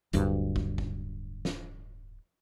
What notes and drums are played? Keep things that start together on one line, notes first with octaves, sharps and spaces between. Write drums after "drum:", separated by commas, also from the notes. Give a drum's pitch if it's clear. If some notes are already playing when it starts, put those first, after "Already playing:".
D1 D2 G2, drum: hi-hat
drum: kick
drum: kick
drum: snare